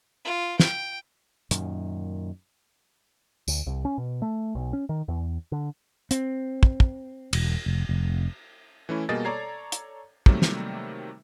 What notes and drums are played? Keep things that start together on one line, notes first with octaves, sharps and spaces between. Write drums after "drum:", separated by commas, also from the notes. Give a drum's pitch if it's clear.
F4
G5, drum: snare
F#2 A#2 D#3, drum: hi-hat
D2, drum: tambourine
C2
C#4
B2
A3
B1
C#4
D#3
E2
D3
C4, drum: hi-hat
drum: kick
drum: kick
E1, drum: cymbal
F1
F1
E3 A3 C#4 E4
B2 G3 A#3 G#4 D#5 A6
A4 C#5 D5 A#5 G#6 C7
drum: hi-hat
C3 D#3 F#3 G3 A3 A#3, drum: kick
drum: snare